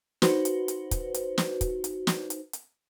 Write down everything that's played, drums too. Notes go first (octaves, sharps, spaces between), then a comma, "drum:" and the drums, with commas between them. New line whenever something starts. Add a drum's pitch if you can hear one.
D#4 F#4 B4 C5, drum: snare
drum: hi-hat
drum: hi-hat
drum: kick, hi-hat
drum: hi-hat
drum: snare
drum: kick, hi-hat
drum: hi-hat
drum: snare
drum: hi-hat
drum: hi-hat